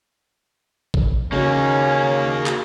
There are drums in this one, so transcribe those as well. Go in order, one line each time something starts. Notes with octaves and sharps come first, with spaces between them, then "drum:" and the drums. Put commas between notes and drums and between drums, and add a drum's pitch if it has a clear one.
drum: kick A1
C#3 A#3 C#4 D#4 F#4 G#4 C#6
drum: clap